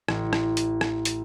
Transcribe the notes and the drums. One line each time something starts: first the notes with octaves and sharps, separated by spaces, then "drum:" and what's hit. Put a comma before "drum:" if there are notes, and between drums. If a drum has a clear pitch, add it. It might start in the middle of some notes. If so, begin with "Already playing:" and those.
A1, drum: rim click
drum: rim click
drum: hi-hat
drum: rim click
drum: hi-hat